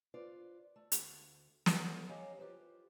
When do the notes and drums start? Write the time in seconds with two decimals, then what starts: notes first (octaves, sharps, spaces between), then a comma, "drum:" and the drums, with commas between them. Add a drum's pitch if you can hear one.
0.14 F4 B4 C5 D5
0.76 A3
0.92 D2, drum: hi-hat
1.66 G4 A4 C#5 F#5, drum: snare
2.09 C#4 G4 C#5 D#5 F5 A#5
2.39 F4 G4 B4 C5